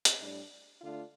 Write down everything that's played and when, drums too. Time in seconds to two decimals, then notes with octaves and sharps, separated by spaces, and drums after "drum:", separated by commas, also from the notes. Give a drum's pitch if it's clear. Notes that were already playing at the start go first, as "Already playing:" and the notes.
0.05 drum: hi-hat
0.20 A2 G3 D4
0.80 D3 A3 D4 F4